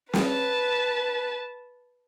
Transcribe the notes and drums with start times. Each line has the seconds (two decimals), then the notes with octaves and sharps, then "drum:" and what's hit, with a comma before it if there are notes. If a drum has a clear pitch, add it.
0.13 B4 A5, drum: snare